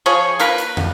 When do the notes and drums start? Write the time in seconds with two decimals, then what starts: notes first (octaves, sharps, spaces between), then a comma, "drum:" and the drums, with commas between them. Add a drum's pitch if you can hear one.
0.06 F3 G#4 C#5
0.40 A#3 A#4 B4, drum: hi-hat
0.58 drum: hi-hat
0.77 drum: tom